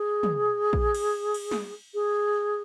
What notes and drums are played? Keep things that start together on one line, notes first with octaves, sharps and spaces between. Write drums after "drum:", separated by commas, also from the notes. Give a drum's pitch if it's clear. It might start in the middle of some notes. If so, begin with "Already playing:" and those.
Already playing: G#4
drum: tom
drum: kick A#1
drum: cymbal
drum: cymbal
drum: snare
G#4